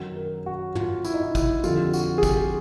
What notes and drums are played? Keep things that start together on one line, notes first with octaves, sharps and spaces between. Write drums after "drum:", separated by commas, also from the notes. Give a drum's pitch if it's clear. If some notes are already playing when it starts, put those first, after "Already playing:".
Already playing: F#2 D#3 F#3
A#4
F#4
F4, drum: tom
E4, drum: tambourine
D#4
E4
E4, drum: kick, tambourine
F2 D3 G3 F4, drum: tambourine
F#4, drum: tambourine
G#4
G4, drum: kick, tambourine